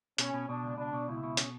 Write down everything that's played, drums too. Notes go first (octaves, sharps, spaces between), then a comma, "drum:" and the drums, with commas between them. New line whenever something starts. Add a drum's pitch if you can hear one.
B2 C#4, drum: hi-hat
B2
B2 D4
C#2
B2 D4
B2
C#2 E4
B2
C#4, drum: hi-hat